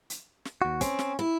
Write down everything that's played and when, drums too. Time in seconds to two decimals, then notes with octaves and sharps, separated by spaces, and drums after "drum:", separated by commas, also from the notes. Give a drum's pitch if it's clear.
0.10 drum: hi-hat
0.45 drum: snare
0.62 D#2 F#4
0.81 C4 C#4, drum: kick, hi-hat
0.99 drum: snare
1.19 E4